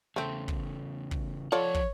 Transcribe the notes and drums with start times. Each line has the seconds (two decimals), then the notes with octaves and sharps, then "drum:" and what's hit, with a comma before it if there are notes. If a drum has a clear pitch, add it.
0.16 E2 C#3 A3 C4
0.48 drum: kick
1.11 drum: kick
1.52 F3 F4 A4 C#5 D5 F#5
1.74 drum: kick